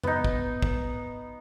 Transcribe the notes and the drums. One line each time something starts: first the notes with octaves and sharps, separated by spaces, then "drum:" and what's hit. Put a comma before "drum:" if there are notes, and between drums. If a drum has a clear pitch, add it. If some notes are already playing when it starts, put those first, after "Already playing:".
B3 D#4, drum: tom F2
drum: kick
drum: kick